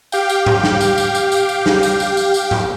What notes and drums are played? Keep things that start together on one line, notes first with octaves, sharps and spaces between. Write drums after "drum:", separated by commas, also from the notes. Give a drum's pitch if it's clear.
G4 F5 G5, drum: tambourine
drum: tambourine
drum: tom G#2
drum: snare
drum: tambourine
drum: tambourine
drum: tambourine
drum: tambourine
drum: tambourine
drum: snare
drum: tambourine
drum: tambourine
drum: tambourine
drum: tambourine
drum: tom G#2